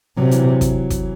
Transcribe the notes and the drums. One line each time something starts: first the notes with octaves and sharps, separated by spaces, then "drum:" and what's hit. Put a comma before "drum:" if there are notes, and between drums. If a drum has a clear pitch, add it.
C3 F#3
E3, drum: hi-hat
drum: kick, hi-hat
drum: kick, hi-hat